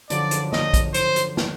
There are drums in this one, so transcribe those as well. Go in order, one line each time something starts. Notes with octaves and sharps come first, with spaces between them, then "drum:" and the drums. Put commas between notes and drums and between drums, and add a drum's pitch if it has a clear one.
F#2 D3 F3 D5, drum: hi-hat
drum: hi-hat
D#5, drum: snare
drum: kick A#1, hi-hat
C5, drum: hi-hat
drum: hi-hat
drum: snare